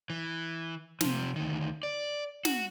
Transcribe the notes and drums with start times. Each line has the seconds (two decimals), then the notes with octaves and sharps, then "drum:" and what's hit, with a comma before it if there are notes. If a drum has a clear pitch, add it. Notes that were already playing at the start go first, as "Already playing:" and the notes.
0.10 E3
1.01 C3 F3, drum: snare
1.36 D2 D#3
1.83 D5
2.45 F#4, drum: snare